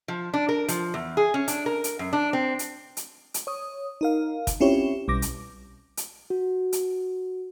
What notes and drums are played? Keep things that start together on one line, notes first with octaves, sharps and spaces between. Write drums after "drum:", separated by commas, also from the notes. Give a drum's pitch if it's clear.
F3
D4
A#4
F3, drum: hi-hat
E2
G#4
C#4
D4, drum: hi-hat
A#4
drum: hi-hat
F#2
D4
C4
drum: hi-hat
drum: hi-hat
drum: hi-hat
C#5 D#6
D#4 A#4 F5
drum: kick, hi-hat
C4 C#4 E4 F4 G4 C#5
B1 G3 D6 A#6
drum: hi-hat
drum: hi-hat
F#4
drum: hi-hat